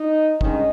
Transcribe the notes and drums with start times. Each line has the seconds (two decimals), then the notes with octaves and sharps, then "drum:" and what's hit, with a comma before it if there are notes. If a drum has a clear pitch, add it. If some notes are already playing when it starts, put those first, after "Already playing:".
Already playing: D#4
0.41 G2 D#3 G#3 C#4 D#4, drum: kick